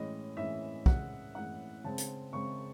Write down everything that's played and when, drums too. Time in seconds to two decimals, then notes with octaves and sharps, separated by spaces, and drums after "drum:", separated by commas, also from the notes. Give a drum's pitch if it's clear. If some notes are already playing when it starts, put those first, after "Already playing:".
Already playing: A2 E3 G#3 C#4 D#5
0.37 A2 E3 G#3 C#4 E5
0.86 A2 E3 G#3 C#4 F#5, drum: kick
1.35 A2 E3 G#3 C#4 F#5
1.84 C#3 G#3 C4 A5
1.98 drum: hi-hat
2.33 C#3 G#3 C4 C#6